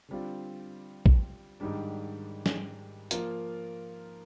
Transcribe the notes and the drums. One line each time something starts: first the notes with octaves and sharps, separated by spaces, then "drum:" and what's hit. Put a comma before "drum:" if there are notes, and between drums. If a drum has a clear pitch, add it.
D3 G3 C4 F4
drum: kick A#1
G#2 D#3 G3 D4
drum: snare
F3 A#3 F4 A#4, drum: hi-hat